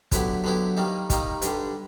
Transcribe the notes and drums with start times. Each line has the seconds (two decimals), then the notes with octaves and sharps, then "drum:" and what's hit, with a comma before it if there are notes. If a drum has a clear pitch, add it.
0.12 D3 F#3 B3 E4 G4, drum: kick, hi-hat
0.44 D3 F#3 B3 E4 G4
0.77 D#3 G3 A#3 D#4
1.10 D#3 G3 A#3 D#4, drum: kick, hi-hat
1.42 G2 D3 G3, drum: hi-hat